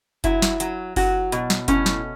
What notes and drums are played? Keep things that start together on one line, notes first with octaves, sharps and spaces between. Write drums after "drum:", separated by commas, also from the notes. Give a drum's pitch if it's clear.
F#3 E4, drum: kick F#1, hi-hat
drum: snare
F#3, drum: hi-hat
F#3 F#4, drum: kick F#1, open hi-hat
B2, drum: hi-hat
drum: snare
A2 C#4, drum: kick F#1, hi-hat
drum: snare